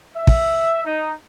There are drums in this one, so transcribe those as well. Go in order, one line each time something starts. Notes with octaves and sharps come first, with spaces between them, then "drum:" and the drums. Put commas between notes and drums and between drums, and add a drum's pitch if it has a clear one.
E5
drum: kick
D#4